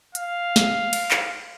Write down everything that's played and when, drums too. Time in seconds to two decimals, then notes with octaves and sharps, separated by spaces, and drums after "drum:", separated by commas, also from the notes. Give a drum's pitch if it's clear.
0.15 F5, drum: hi-hat
0.56 drum: snare
0.93 drum: cymbal
1.11 drum: clap